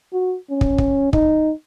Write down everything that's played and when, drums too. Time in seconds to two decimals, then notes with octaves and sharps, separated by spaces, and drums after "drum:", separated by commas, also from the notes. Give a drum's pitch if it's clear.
0.13 F#4
0.50 C#4
0.61 drum: kick
0.78 drum: kick
1.13 D#4, drum: kick